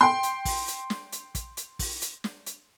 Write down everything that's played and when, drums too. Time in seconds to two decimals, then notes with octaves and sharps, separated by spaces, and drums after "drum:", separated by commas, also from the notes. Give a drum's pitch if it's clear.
0.01 G5 C6
0.23 drum: hi-hat
0.45 drum: kick, open hi-hat
0.68 drum: hi-hat
0.90 drum: snare
1.12 drum: hi-hat
1.35 drum: kick, hi-hat
1.57 drum: hi-hat
1.79 drum: kick, open hi-hat
2.02 drum: hi-hat
2.24 drum: snare
2.46 drum: hi-hat